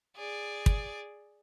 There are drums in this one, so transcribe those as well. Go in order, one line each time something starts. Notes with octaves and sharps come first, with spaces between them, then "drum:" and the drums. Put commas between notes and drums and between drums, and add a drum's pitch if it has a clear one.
G#4 D5
drum: kick